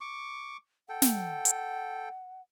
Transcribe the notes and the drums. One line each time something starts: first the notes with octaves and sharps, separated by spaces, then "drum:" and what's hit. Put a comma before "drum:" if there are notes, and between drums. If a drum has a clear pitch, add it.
C#6 D6
A4 F#5 G5
drum: snare
drum: hi-hat